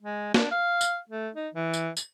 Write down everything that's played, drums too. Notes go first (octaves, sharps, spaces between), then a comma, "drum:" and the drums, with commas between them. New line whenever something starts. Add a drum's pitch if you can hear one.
G#3
D4, drum: snare
F5
drum: tambourine
A3
D#4
E3
drum: tambourine
drum: tambourine